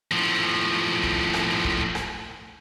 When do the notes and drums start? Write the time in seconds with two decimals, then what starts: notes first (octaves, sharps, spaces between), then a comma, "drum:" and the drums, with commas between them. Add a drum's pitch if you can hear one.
0.11 A2 F3
1.03 drum: kick
1.34 drum: rim click
1.64 drum: kick
1.95 drum: rim click